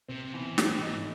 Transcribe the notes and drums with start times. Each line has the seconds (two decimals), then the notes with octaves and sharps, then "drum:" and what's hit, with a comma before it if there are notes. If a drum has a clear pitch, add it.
0.08 C3 C4
0.25 C3
0.33 B2 E3
0.53 C3
0.58 B2 A3, drum: snare
0.70 A#2
0.82 G#2 D#4